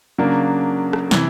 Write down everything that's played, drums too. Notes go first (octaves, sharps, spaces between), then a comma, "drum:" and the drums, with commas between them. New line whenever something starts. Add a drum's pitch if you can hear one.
C#3 F#3 A#3 D4
drum: rim click
C3 E3, drum: snare